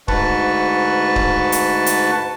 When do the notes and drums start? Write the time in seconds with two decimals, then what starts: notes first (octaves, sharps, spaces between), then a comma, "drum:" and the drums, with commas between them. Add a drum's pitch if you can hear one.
0.08 D2 G#2 B4 A5 C#6, drum: kick D1
1.16 drum: kick D1
1.52 drum: hi-hat
1.86 drum: hi-hat